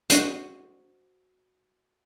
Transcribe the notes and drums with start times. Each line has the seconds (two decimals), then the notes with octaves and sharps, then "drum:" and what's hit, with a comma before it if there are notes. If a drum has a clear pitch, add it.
0.10 F#4 C5, drum: hi-hat